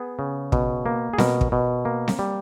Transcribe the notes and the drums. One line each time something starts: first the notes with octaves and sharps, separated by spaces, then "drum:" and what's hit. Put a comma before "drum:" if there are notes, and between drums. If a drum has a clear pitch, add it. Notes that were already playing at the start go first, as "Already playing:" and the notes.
Already playing: B3 G#4
C#3
B2, drum: kick
A#3
G#4
B2 A#4, drum: snare C4
drum: kick
B2
A#3
drum: snare C4
G3